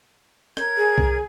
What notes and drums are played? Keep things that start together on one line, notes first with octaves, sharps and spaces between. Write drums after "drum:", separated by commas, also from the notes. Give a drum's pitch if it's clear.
A#4 C#5 G#6, drum: rim click
G#4
drum: kick C2